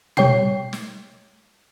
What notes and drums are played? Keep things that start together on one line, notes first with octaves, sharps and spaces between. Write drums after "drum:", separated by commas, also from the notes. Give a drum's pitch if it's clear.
G3 C#5 G5 C7, drum: tom
drum: snare